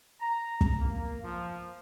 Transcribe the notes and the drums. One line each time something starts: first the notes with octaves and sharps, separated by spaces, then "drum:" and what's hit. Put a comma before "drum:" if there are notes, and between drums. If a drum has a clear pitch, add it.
A#5
drum: kick
A#3
F3